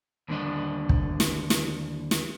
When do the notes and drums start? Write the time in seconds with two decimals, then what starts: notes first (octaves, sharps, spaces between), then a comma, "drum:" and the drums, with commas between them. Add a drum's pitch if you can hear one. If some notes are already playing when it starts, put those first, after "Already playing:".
0.28 D#2 D3 G3 D4 D#5
0.89 drum: kick
1.20 drum: snare
1.50 drum: snare
2.11 drum: snare